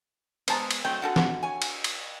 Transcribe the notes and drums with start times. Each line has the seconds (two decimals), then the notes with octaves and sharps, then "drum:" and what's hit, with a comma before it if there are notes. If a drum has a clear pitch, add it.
0.48 G#3 B3 C5 A5 A#5, drum: cymbal
0.71 drum: cymbal
0.84 F#3 A3 C4 G5
1.02 D3 F#4 A4 F#5
1.16 drum: snare
1.43 C#5 G#5
1.62 drum: cymbal
1.84 drum: cymbal